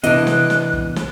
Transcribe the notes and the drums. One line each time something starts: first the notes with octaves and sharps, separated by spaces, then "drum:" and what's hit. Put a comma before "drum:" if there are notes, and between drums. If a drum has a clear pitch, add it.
C3 E3 B3 D4 D#5 F#6, drum: hi-hat
drum: snare
drum: snare
drum: kick
drum: snare